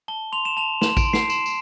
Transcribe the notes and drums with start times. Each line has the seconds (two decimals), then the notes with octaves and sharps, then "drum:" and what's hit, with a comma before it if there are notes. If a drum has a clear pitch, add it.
0.08 A5 G7
0.32 C6 F7
0.45 E7
0.57 A5 F7
0.81 C6 E7, drum: snare
0.97 D7, drum: kick A1, tambourine
1.05 C6
1.13 C7, drum: snare
1.30 C6 E7, drum: tambourine
1.46 drum: tambourine